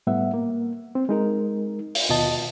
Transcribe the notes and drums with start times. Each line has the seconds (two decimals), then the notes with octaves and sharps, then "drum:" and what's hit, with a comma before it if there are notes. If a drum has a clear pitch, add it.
0.07 A2 G3 B3 E5 F#5
0.34 A#3
0.95 C4
1.09 G#3 D#4 A#4
1.95 drum: open hi-hat
2.09 D#2 B2 F4 D#5 A5 A6